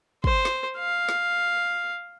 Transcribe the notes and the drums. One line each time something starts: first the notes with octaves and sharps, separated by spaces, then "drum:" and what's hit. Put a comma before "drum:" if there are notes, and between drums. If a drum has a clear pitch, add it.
C5, drum: kick
drum: snare
F5
drum: snare